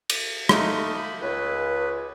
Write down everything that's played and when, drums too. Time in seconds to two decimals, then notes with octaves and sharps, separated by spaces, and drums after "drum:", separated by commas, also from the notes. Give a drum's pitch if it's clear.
0.10 drum: cymbal
0.49 A3 A#3 D#4, drum: rim click
0.96 B5
1.21 C#2 B4